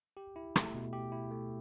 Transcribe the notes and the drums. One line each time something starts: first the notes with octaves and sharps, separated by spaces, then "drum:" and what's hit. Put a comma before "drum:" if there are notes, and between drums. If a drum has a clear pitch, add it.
G4
E4
A3, drum: rim click
B2
G4
E4
A3